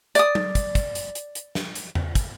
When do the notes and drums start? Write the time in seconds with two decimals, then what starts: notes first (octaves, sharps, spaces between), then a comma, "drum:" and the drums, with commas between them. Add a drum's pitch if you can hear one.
0.15 D5 D#6, drum: hi-hat
0.35 drum: tom F#3
0.55 drum: kick, hi-hat
0.75 drum: kick, hi-hat
0.95 drum: hi-hat
1.15 drum: hi-hat
1.35 drum: hi-hat
1.55 drum: snare
1.75 drum: hi-hat
1.95 drum: tom E2
2.15 drum: kick, hi-hat